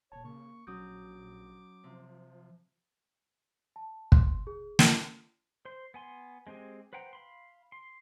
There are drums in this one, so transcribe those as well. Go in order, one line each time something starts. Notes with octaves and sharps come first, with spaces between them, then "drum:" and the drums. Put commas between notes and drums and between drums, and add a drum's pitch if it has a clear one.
D#1 A#2 C#5 A5
C#3 A#3 C#6
A#1 F#3 C#4 D6 D#6 G6
C3 F3
A5
C6, drum: kick
G#4
G#5, drum: snare
C5 C6
B3 G#5 C6
G#3 C4 G4 G#4
B4 C5 F#5 G5 A#5
F5 B5 C6
C6